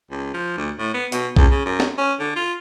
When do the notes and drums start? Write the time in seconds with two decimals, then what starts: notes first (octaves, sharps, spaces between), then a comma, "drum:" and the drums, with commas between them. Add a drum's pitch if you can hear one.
0.11 C#2
0.34 F3
0.57 D2
0.78 A2
0.94 B3
1.12 B2, drum: hi-hat
1.36 C#2, drum: kick B1
1.51 C#3
1.65 F#2
1.80 drum: snare
1.98 C#4
2.20 D3
2.36 F4